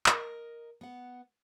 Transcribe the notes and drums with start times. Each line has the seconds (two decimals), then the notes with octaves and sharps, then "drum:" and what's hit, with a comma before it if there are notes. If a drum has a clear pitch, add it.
0.06 A#4 D#5, drum: clap
0.81 B3 F#5